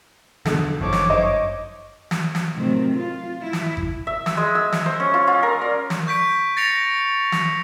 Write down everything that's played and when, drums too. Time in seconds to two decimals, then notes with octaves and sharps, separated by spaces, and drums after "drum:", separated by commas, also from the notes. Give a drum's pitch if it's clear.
0.45 B1 E2 D3 A4, drum: snare
0.81 G1 F#2 D#3 F3 D#4 C#5 D6
0.93 drum: snare
1.10 C5 D#5
2.11 drum: snare
2.35 drum: snare
2.55 A2 C3 D#3 F#3 A3 C4
2.96 F4
3.42 E4
3.53 drum: snare
3.77 drum: kick G#1
4.07 E5
4.26 E6, drum: snare
4.37 G#3
4.55 E6
4.72 E5, drum: snare
4.86 C5
5.00 C#4
5.14 F4
5.27 F4
5.43 A#4
5.61 D5
5.90 drum: snare
6.07 C#6 G6 B6 D7
6.57 A6 A#6 C#7 D7 F7
7.32 drum: snare